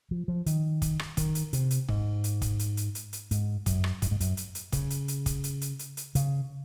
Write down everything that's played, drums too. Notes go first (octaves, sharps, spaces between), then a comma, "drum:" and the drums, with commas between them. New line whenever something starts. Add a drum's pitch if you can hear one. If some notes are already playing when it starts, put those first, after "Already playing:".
F3
F3
D#3, drum: hi-hat
drum: kick, hi-hat
drum: rim click
D#3, drum: kick, hi-hat
drum: hi-hat
C3, drum: hi-hat
drum: hi-hat
G#2, drum: kick
drum: hi-hat
drum: kick, hi-hat
drum: hi-hat
drum: hi-hat
drum: hi-hat
drum: hi-hat
G#2, drum: hi-hat
F#2, drum: kick, hi-hat
drum: rim click
F#2, drum: kick, hi-hat
G#2
F#2, drum: hi-hat
drum: hi-hat
drum: hi-hat
C#3, drum: kick, hi-hat
drum: hi-hat
drum: hi-hat
drum: kick, hi-hat
drum: hi-hat
drum: hi-hat
drum: hi-hat
drum: hi-hat
C#3, drum: hi-hat